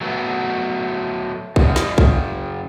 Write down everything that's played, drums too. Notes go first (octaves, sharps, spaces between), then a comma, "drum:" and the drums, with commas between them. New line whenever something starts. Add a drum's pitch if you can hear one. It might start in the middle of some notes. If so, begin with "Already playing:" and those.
F#3 A3 B3
F#2 C#3, drum: kick
drum: snare
drum: kick